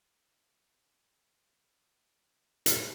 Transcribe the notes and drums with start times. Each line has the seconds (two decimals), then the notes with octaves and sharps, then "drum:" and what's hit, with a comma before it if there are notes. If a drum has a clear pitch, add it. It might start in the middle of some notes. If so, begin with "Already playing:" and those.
0.79 F3 A3 D4 D#4
2.66 drum: hi-hat